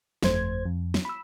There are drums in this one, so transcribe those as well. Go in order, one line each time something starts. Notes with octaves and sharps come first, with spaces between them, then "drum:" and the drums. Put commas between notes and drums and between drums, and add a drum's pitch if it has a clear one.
G1 F2 A3 C5 G#6, drum: snare
F2
drum: snare
B5 E6